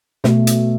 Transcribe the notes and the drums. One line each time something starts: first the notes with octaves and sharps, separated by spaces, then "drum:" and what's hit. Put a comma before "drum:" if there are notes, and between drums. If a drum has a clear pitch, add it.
B2 A3, drum: snare
drum: hi-hat